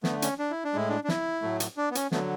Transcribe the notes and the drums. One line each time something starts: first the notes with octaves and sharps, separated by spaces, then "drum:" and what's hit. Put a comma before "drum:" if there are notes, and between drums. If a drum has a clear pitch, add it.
D3 A3 B3, drum: snare
C#4, drum: hi-hat
D4
E4
D4
A2 G#3 E4
D4
D4
E4, drum: snare
A2 F#3 A3
drum: hi-hat
D4
B3
C#4, drum: hi-hat
D3 F#3 A3 B3, drum: snare